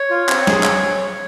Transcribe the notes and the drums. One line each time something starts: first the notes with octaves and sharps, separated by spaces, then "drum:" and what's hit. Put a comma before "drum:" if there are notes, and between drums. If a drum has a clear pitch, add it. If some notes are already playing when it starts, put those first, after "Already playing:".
Already playing: C#5
F4
C4, drum: clap
G#4, drum: snare
drum: clap